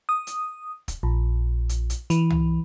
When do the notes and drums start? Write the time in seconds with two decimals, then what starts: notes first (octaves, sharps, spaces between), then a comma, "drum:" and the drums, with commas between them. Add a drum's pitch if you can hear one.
0.09 D#6
0.27 drum: hi-hat
0.88 drum: kick, hi-hat
1.03 A#1
1.69 drum: hi-hat
1.90 drum: hi-hat
2.10 E3, drum: hi-hat
2.30 drum: tom C2